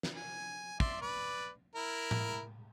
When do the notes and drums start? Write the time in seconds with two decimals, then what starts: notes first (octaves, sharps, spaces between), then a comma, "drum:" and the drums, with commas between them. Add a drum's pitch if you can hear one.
0.03 drum: snare
0.16 G#5
0.80 D5 E5 C6, drum: kick
1.02 B4 D5
1.76 E4 A#4
2.11 drum: tom A2